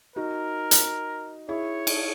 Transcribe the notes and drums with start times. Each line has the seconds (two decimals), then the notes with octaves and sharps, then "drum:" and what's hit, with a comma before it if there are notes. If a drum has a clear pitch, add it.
0.16 D#4 F#4 A#4
0.71 drum: hi-hat
1.48 E4 G#4 C#5
1.87 drum: cymbal